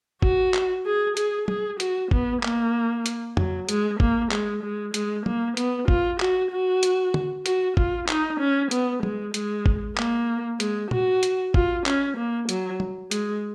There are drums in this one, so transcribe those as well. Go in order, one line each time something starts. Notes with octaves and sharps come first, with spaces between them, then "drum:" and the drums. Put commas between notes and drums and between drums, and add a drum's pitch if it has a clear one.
F#4, drum: kick
drum: clap
G#4
G#4, drum: hi-hat
G#4, drum: tom F#3
F#4, drum: hi-hat
B3, drum: kick
A#3, drum: clap
drum: hi-hat
F#3, drum: tom F2
G#3, drum: hi-hat
A#3, drum: kick
G#3, drum: clap
G#3
G#3, drum: hi-hat
A#3, drum: tom F#3
B3, drum: hi-hat
F4, drum: kick
F#4, drum: clap
F#4
drum: hi-hat
drum: tom
F#4, drum: hi-hat
F4, drum: kick
D#4, drum: clap
C#4
B3, drum: hi-hat
G#3, drum: tom F#3
G#3, drum: hi-hat
drum: kick
A#3, drum: clap
G#3, drum: hi-hat
F#4, drum: tom A#2
drum: hi-hat
F4, drum: kick
C#4, drum: clap
A#3
F#3, drum: hi-hat
drum: tom F#3
G#3, drum: hi-hat